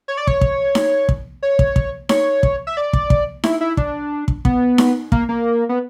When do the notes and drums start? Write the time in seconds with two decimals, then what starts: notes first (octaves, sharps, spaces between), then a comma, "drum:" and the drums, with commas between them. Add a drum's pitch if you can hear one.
0.08 C#5
0.18 D5
0.27 C#5, drum: kick
0.41 drum: kick
0.75 drum: snare D#4
1.09 drum: kick
1.43 C#5
1.59 drum: kick
1.76 drum: kick
2.09 C#5, drum: snare D#4
2.43 drum: kick
2.67 E5
2.77 D5
2.93 drum: kick
3.10 drum: kick
3.44 E4, drum: snare D#4
3.61 E4
3.77 D4, drum: kick
4.28 drum: kick
4.45 B3, drum: kick
4.78 drum: snare D#4
5.12 A#3, drum: kick
5.29 A#3
5.69 B3